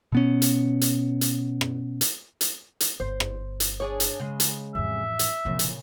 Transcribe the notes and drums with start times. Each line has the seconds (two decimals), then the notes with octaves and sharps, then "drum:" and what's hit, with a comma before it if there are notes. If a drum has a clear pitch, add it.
0.12 B2 B3 C#4
0.42 drum: hi-hat
0.81 drum: hi-hat
1.21 drum: hi-hat
1.61 drum: rim click
2.01 drum: hi-hat
2.41 drum: hi-hat
2.80 drum: hi-hat
3.00 G1 C5
3.20 drum: rim click
3.60 drum: hi-hat
3.80 D4 G#4 C#5
4.00 drum: hi-hat
4.20 C#3 G#3
4.40 drum: hi-hat
4.75 A1 F2 E5
5.19 drum: hi-hat
5.45 F1 A#2 C#3 F3
5.59 drum: hi-hat